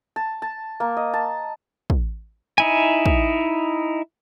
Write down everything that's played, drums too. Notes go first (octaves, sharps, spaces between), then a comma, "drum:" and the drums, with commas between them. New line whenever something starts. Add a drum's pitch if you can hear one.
A5
A5
A#3
D#5
A5
drum: kick
D#4 E4 G#5
drum: kick